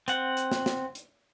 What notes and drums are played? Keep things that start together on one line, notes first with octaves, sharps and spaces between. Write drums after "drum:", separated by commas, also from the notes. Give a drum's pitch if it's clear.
C4 F#5, drum: hi-hat
drum: hi-hat
drum: snare
drum: snare
drum: hi-hat